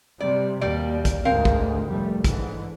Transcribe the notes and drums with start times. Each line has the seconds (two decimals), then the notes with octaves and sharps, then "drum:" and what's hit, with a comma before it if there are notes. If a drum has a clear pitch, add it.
0.20 C3 G3 D5
0.61 D#2 B2 G3 A#3 D5
1.05 drum: kick, hi-hat
1.25 D2 G#2 G#3 C4 A#4 F5
1.45 drum: kick
1.89 F1 G3 A3
2.24 G#2 D3 E3, drum: kick, hi-hat